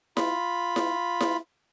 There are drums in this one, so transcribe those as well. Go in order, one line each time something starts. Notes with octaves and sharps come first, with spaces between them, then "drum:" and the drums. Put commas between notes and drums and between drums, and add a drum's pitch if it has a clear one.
F4 B5, drum: snare E4
drum: snare E4
drum: snare E4